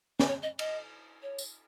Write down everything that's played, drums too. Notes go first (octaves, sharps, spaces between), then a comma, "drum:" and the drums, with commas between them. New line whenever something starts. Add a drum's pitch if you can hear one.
B4, drum: snare
C#5
D#5
D#5, drum: cymbal
C#5
drum: tambourine